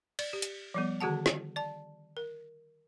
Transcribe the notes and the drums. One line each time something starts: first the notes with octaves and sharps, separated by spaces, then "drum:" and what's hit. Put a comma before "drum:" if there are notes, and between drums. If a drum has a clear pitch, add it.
D5, drum: cymbal
G4
drum: hi-hat
F3 G3 B3
D3 D#3 F#4 G#4 F#5 A5
drum: snare
D5 A5
A#4